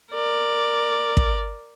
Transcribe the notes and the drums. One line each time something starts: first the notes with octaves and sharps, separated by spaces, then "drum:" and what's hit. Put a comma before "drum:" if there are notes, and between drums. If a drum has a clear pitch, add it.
A#4 D5
drum: kick